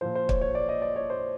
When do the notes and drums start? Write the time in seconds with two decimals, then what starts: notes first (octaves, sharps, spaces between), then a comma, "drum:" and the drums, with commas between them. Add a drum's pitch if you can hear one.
0.01 A#2 F3 C5
0.15 C5
0.29 C#5, drum: kick
0.41 C#5
0.55 D5
0.69 D#5
0.82 D5
0.96 C#5
1.10 C5